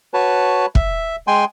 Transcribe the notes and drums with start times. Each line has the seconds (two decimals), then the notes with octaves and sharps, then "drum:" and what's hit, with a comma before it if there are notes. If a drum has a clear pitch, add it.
0.14 F#4 B4 C#5 A5
0.75 E5, drum: kick
1.27 G#3 G5 G#5 C6